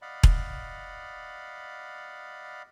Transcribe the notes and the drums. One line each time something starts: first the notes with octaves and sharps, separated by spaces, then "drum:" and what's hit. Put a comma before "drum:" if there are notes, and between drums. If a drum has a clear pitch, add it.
D5 D#5 F5 F#5 B5
drum: kick E1